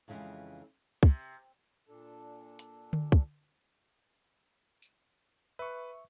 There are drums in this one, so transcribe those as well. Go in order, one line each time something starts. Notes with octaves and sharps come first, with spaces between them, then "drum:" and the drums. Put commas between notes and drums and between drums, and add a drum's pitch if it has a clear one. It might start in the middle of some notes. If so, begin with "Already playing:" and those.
F2 C#3 E3 G#3
C3, drum: kick
A#2 D4 A4
drum: hi-hat
drum: tom D3
drum: kick
drum: tambourine
B4 E5 C#6